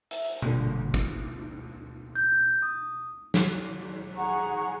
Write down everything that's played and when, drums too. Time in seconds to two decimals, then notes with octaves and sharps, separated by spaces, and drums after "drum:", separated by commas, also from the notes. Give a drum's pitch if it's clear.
0.11 E5, drum: hi-hat
0.42 G1 G2 A#2 D3, drum: tom B2
0.94 drum: kick
2.15 G6
2.62 D#6
3.34 drum: snare
4.16 G#4 F#5 A#5 C#6